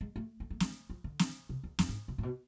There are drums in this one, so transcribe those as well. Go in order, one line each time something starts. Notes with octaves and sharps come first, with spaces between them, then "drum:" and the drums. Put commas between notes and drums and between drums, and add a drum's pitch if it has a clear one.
G#3
A3
A3
A3
G#3, drum: snare
F3
D3
drum: snare
C3
E2
F2, drum: snare
G#2
B2
A2
B2